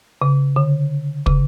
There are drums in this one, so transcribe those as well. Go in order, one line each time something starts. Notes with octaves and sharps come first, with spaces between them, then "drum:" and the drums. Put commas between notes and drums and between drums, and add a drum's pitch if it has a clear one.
C#3
D3
C#3, drum: kick